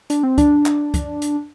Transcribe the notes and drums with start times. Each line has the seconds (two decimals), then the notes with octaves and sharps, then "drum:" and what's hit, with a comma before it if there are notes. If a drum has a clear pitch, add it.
0.10 D4, drum: hi-hat
0.23 C4
0.38 D4, drum: kick, hi-hat
0.66 drum: clap
0.94 drum: kick, hi-hat
1.22 drum: hi-hat